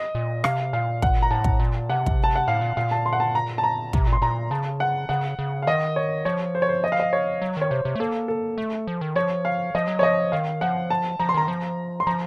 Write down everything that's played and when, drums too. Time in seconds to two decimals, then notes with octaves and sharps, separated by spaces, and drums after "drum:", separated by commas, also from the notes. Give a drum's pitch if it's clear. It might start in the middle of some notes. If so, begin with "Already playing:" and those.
Already playing: D#5
0.15 A#2
0.44 C3 F5, drum: rim click
0.73 A#2 F5
1.02 F#5, drum: kick
1.22 A#5
1.31 A2 A5
1.44 drum: kick
1.60 A#2
1.90 C3 F#5
2.06 drum: kick
2.24 A5
2.35 F#5
2.48 A2 F5
2.61 A#2
2.77 A#2 F5
2.91 A5
3.06 C6
3.13 F#5
3.20 A5
3.35 A#5
3.58 A5
3.64 A#5
3.93 C3, drum: kick
4.07 A#2
4.13 C6
4.22 A#2 A#5
4.51 C#3 A5
4.80 F#5
5.09 C#3 F#5
5.39 C#3
5.62 F5
5.67 D#3 D#5
5.96 C#5
6.25 F3 C#5
6.55 C5
6.62 C#5
6.69 C5
6.84 D#5
6.92 F5
7.00 D#5
7.13 C#5
7.42 F#3
7.57 D#3 C#5
7.71 C3 C5
7.85 C3
7.96 A3
8.00 A#3 A4
8.28 A4
8.58 A3
8.87 F3
9.01 D#3
9.15 F3 C#5
9.45 F5
9.75 F3 D#5
9.88 F#3
9.99 F3 C#5 D#5
10.32 D#3 F5
10.61 F3 F#5
10.90 A5
11.20 F3 A#5
11.29 C6
11.34 D#3 A#5
11.48 F3
12.00 C6
12.07 F3 A#5